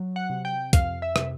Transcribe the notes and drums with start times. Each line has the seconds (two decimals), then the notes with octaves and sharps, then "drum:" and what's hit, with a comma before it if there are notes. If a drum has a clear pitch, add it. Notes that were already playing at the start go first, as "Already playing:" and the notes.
Already playing: F#3
0.16 F#5
0.30 C3
0.45 G5
0.73 F2 F5, drum: kick, hi-hat
1.02 E5
1.16 C3, drum: rim click